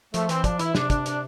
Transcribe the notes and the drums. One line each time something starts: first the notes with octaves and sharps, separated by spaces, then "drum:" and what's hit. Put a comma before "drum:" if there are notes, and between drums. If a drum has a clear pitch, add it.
F3 A3, drum: hi-hat
E3 C4, drum: hi-hat
F3 D4, drum: kick, hi-hat
E3 E4, drum: hi-hat
C3 D4, drum: snare
D4, drum: kick, hi-hat
D4, drum: hi-hat